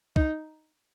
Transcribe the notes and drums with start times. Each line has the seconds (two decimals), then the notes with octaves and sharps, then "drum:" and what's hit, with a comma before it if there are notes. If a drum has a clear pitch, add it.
0.16 D#4, drum: kick